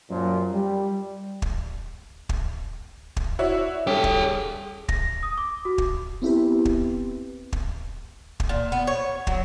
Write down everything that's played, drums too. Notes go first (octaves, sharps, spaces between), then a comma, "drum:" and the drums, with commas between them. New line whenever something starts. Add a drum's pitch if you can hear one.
F#2 A#2 F3
G3
drum: kick
drum: kick
drum: kick
E4 F#4 C#5 D5 E5
G3 C#4 G#4 A4 G5
drum: kick
A#6, drum: kick
D#6
D6
F#4
drum: kick
B3 C4 E4 G4 B4
drum: kick
drum: kick
drum: kick
A#2
B3
C#5
F#3, drum: kick